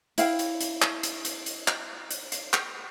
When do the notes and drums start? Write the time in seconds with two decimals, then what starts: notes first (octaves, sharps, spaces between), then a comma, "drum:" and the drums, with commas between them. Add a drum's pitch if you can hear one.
0.18 E4 F5 G5, drum: hi-hat
0.39 drum: hi-hat
0.61 drum: hi-hat
0.82 drum: clap
1.03 drum: hi-hat
1.25 drum: hi-hat
1.46 drum: hi-hat
1.68 drum: clap
2.11 drum: hi-hat
2.32 drum: hi-hat
2.53 drum: clap